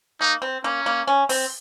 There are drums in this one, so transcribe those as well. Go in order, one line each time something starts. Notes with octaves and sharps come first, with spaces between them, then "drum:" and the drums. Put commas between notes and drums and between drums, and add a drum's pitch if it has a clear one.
A#3 D#4
C4
A#3 C#4
A#3
C#4
C4, drum: open hi-hat